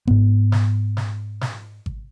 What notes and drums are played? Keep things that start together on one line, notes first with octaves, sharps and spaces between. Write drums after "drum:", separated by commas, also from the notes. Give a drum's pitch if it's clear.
G#2 B3, drum: kick G#1
drum: snare
drum: snare
drum: snare
drum: kick G#1